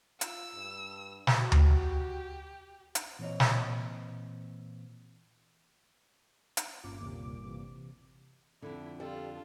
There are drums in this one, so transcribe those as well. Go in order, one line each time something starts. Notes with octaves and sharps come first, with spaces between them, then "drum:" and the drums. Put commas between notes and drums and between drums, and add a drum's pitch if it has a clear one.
F4 E6, drum: hi-hat
G2
drum: snare
F#4 G4
drum: tom D2
drum: hi-hat
A#2 E3 C4 F4 C#5 D#5
drum: snare
drum: hi-hat
G1 A#2 C#4 F4 D6
D#2 C3
C3 E3
F2 D3 E4
G3 F4 A4